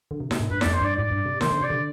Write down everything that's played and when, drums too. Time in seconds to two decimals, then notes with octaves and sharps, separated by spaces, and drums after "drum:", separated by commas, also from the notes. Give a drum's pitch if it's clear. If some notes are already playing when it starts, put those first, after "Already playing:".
0.11 D3
0.20 C3
0.31 B2, drum: snare D#4
0.40 G#2
0.51 G2 B4
0.61 F2 D5, drum: snare D#4
0.73 C5
0.81 G2 D5
0.96 G#2 D5
1.10 G2
1.26 C3
1.41 D#3 C5, drum: snare D#4
1.50 D3
1.61 C3 D5
1.70 D3